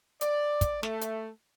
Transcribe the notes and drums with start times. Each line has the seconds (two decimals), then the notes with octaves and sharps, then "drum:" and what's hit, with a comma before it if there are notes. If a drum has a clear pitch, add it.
0.21 D5, drum: hi-hat
0.61 drum: kick, hi-hat
0.83 A3, drum: snare
1.01 drum: hi-hat